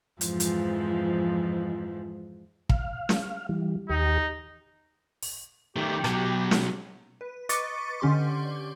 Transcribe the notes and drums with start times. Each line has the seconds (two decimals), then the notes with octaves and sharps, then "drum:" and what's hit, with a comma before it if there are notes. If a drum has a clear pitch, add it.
0.21 F2 G#2 E3 F3, drum: hi-hat
0.40 drum: hi-hat
2.69 F5, drum: kick
3.09 drum: snare
3.49 E3 G3
3.89 D#2 D#4 G4
5.23 drum: open hi-hat
5.76 D#3 A3 G4
6.04 B2 F#3, drum: rim click
6.51 drum: snare
7.21 B4
7.49 B4 D#5 C#6 D6 A6 C#7, drum: hi-hat
8.00 D3 C#4 G4 C6 D6